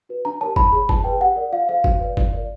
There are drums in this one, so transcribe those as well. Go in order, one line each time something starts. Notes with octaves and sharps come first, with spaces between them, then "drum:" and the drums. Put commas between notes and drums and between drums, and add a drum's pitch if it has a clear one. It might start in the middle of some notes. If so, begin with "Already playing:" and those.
F#4 B4
D4 A#5
G4 A#4 C#5 A5
E4 B5, drum: kick G1
G#4 C#5 B5
F4 A5, drum: kick G1
G#4 B4 G5
G4 F#5
A#4 D5
F4 F5
A4 C5 F5
F#4, drum: kick G1
B4 D5
F4, drum: kick G1
A#4 D5